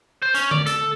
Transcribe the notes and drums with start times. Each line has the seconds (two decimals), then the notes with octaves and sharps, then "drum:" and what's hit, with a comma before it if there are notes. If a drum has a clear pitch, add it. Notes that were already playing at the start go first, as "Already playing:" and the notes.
0.22 C5
0.34 C#4, drum: hi-hat
0.51 D5, drum: tom D3
0.66 A4, drum: hi-hat